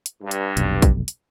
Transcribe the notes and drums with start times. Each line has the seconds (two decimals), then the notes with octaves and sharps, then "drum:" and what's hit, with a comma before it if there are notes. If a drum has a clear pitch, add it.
0.06 drum: hi-hat
0.22 G2
0.31 drum: hi-hat
0.57 F1 B1, drum: hi-hat
0.82 drum: kick, hi-hat
1.08 drum: hi-hat